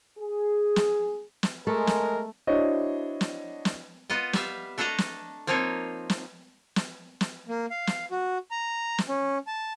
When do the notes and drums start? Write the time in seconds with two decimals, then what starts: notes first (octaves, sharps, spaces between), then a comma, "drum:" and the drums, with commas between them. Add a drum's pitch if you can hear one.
0.18 G#4
0.76 drum: snare
1.43 drum: snare
1.67 G#3 A3 A4 A#4
1.87 drum: snare
2.47 D4 E4 F#4 C5 C#5 D#5
3.21 drum: snare
3.65 drum: snare
4.10 B3 F4 D#5
4.33 G3 E5 F5, drum: snare
4.78 A3 D4 A4 D#5 A#5
4.98 drum: snare
5.47 F3 A#3 C4 D#4 C#5
6.10 drum: snare
6.76 drum: snare
7.21 drum: snare
7.48 A#3
7.70 F5
7.87 drum: snare
8.11 F#4
8.51 A#5
8.98 drum: snare
9.09 C#4
9.47 A5